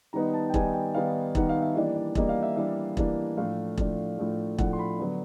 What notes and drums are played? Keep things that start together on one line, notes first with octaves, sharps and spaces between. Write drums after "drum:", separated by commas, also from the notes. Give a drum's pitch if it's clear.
D#3 G3 B3 D#4 A#5
A5
G5
D#3 G3 B3 D#4 G#5, drum: kick E1
G5
D#3 G3 B3 D#4 F5
D#3 G3 B3 D#4 F#5, drum: kick E1
F5
E5
E3 G3 A#3 D4 D#5
D5
E3 G3 A#3 D4 D#5, drum: kick E1
F5
E5
E3 G3 A#3 D4 E5
E3 G3 A#3 D4, drum: kick E1
A2 F3 A3 D4 F5
A2 F3 A3 D4, drum: kick E1
A2 F3 A3 D4
A2 F3 A3 D4 F#5, drum: kick E1
C6
B5
D3 F#3 B3 D4